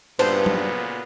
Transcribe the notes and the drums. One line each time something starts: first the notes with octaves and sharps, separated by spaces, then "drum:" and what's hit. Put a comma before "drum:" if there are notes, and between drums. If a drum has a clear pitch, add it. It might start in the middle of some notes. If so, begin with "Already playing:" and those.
G2 A#2 C#3 B3 B4 C5 D5 A5, drum: cymbal
drum: tom